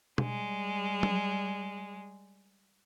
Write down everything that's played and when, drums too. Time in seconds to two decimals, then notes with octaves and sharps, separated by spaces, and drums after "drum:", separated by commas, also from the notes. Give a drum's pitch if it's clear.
0.18 G3 G#3, drum: tom B2
1.03 drum: tom F#3